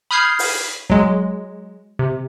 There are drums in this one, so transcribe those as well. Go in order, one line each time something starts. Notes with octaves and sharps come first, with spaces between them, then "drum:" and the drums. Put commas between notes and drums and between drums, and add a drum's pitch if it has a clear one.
B5 D#6 F6 G6 G#6 C7
drum: open hi-hat
F#3 G#3, drum: kick
C3